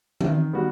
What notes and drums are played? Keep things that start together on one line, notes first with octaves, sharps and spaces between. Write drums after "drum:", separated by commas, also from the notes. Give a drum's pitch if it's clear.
D#3, drum: tom E3
G3 B3 F#4